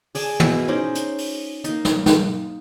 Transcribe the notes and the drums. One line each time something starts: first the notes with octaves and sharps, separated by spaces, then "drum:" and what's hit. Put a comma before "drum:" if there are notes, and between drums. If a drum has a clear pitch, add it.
G#4 D5 G#5 A5, drum: open hi-hat
B2 E4, drum: tom
C#4 D#4 C5 D5
drum: hi-hat
drum: open hi-hat
A#3 D#4, drum: hi-hat
drum: snare
drum: snare